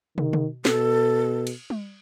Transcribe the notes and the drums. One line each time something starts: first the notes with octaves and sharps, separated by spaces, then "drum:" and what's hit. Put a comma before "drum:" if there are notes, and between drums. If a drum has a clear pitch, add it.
D#3, drum: tom
drum: tom
B2 A4, drum: snare
drum: cymbal
drum: tom G3